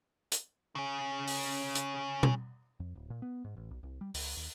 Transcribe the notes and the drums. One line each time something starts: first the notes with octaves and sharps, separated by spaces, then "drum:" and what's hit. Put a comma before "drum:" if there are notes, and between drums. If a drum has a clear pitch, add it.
drum: hi-hat
C#3 C#4
drum: open hi-hat
drum: hi-hat
drum: tom
F2
D1
A#2
B3
G#2
A1
B1
C2
G3
C#2, drum: open hi-hat
D#2